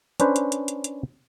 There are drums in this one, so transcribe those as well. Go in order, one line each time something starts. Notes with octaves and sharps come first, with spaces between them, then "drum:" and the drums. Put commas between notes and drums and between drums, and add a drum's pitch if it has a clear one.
C#4 D4 B4 C5, drum: hi-hat
drum: hi-hat
drum: hi-hat
drum: hi-hat
drum: hi-hat